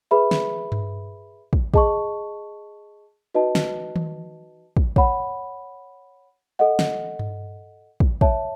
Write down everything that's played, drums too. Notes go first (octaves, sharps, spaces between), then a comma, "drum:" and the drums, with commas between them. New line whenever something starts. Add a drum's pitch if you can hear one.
G#4 B4 E5 B5
drum: snare
drum: tom G2
drum: kick
G#4 D#5 A5 C#6, drum: kick
D#4 F#4 B4 D#5 A5
drum: snare
drum: tom D#3
drum: kick
C#5 F#5 B5, drum: kick
A4 D#5 F#5
drum: snare
drum: tom G2
drum: kick
C#5 E5 A5, drum: kick